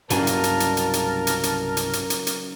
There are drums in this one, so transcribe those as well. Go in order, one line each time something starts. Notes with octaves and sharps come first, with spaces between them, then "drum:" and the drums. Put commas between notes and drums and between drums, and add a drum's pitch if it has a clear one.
C2 G2 C#3 F#3 A#4 G#5 A5, drum: hi-hat
drum: hi-hat
drum: hi-hat
drum: hi-hat
drum: hi-hat
drum: hi-hat
drum: hi-hat
drum: hi-hat
drum: hi-hat
drum: hi-hat
drum: hi-hat
drum: hi-hat